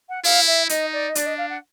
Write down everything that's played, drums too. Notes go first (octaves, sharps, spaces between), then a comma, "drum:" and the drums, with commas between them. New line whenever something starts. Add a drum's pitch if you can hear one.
F#5
E4 F5, drum: open hi-hat
E5
D#4 D#5, drum: hi-hat
D5
D#5
D4 D5, drum: hi-hat
D#5
F5
F#5